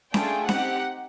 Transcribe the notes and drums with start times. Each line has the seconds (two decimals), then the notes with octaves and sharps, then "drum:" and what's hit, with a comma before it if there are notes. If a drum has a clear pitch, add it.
0.14 A3 D4 F4 G#4 G5, drum: snare C#4
0.49 C4 D#4 G4 F#5, drum: snare C#4